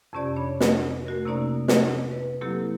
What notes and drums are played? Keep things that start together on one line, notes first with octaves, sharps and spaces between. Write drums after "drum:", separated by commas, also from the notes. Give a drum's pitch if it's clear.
F2 C3 C#4 G4 D5 G#6
D4 C#5 B5
drum: snare
A3 F#4 A#4
C3 A#3 C#4 D#4 D5 A#5
drum: snare
B4
F#3 A#3 C4 E4 G4 A4